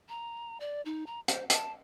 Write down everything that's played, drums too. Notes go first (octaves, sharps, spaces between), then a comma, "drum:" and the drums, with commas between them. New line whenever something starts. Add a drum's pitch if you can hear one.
A#5
D5
D#4
A#5
C5, drum: hi-hat
A5, drum: hi-hat